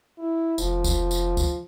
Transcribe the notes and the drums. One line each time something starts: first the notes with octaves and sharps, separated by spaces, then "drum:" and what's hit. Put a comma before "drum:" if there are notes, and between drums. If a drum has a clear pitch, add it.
E4
F1 F3, drum: tambourine
drum: kick, tambourine
drum: tambourine
drum: kick, tambourine